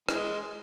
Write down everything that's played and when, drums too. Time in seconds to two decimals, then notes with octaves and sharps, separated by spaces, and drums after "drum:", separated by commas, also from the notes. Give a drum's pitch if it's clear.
0.09 E3 G#3, drum: rim click